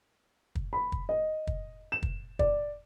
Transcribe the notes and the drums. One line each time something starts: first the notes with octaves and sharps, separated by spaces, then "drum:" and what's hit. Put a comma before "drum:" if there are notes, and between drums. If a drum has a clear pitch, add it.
drum: kick
B5
drum: kick
D#5
drum: kick
E7
drum: kick
D5, drum: kick